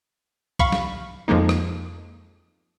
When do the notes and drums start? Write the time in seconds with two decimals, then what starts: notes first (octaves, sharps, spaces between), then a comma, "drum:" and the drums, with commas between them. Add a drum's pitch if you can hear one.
0.59 F5 B5 C#6, drum: kick B1
0.72 drum: snare
1.28 F2 F3 G#3 A#3 D#4
1.49 drum: rim click